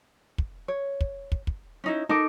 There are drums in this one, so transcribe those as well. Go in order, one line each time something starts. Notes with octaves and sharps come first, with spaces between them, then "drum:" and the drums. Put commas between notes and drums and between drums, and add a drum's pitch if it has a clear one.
drum: kick
C#5
drum: kick
drum: kick
drum: kick
C#4 D#4 E4
D#4 A4 A#4 D#5 D6